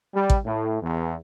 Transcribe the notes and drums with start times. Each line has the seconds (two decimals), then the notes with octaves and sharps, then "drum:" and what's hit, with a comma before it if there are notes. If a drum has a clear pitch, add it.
0.15 G3
0.30 drum: kick
0.46 A2
0.82 E2